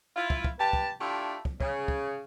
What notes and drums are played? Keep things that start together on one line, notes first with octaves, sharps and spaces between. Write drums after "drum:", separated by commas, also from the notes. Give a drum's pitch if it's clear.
E4 F4
drum: kick
drum: kick
G4 B4 A5
drum: kick
A3 D4 E4 F4 G4
drum: kick
C#3, drum: kick
drum: kick